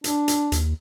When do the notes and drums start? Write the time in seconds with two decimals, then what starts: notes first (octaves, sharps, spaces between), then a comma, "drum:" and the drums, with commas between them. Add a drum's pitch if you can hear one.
0.04 D4, drum: hi-hat
0.28 drum: hi-hat
0.52 D#2, drum: hi-hat